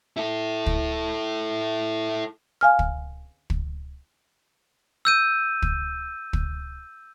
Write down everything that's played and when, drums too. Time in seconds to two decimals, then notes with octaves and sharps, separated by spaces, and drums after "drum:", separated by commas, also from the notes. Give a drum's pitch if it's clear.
0.17 E4 A4
0.66 drum: kick
2.61 F5 G#5 F6
2.79 drum: kick
3.50 drum: kick
5.05 E6 G6 D#7
5.62 drum: kick
6.33 drum: kick